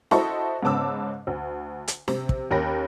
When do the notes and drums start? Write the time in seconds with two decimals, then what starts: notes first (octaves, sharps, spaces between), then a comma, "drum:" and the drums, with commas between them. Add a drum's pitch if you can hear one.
0.11 E4 F#4 A4 C5 D#5 C#6, drum: snare
0.63 G#2 C#3 B3 A5 D6 E6
1.27 D2
1.88 drum: hi-hat
2.08 C3, drum: snare
2.29 drum: kick
2.51 D#2 C#4 A#4 G5 B5 A#6